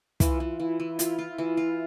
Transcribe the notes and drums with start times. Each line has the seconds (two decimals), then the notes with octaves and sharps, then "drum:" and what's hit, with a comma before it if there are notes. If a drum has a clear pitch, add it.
0.20 E3 F4, drum: kick, hi-hat
0.40 E3
0.60 E3 E4
0.80 E3
0.99 E4 F4, drum: hi-hat
1.19 F4
1.38 E3
1.57 F4